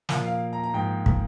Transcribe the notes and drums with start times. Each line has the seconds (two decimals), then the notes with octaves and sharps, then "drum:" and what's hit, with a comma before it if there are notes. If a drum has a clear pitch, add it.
0.09 A#2 F3 A#3, drum: snare
0.26 F5
0.53 A#5
0.63 A#5
0.73 G#2 F3 A#3 G5
1.06 drum: kick